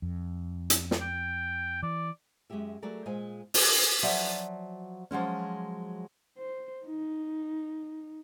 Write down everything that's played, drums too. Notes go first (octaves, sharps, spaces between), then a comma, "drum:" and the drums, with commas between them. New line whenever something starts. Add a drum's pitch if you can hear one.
F2
drum: hi-hat
drum: snare
G5
E3 D5
F#2 G#3 F#4 G4 E5
F#3 A3 G#4 A#4 D5
A#2 G#3 C5 D#5 F5 G#5
A4 A#4, drum: open hi-hat
F3 F#3 D5 E5
F3 F#3 G#3 C#4
C5
D#4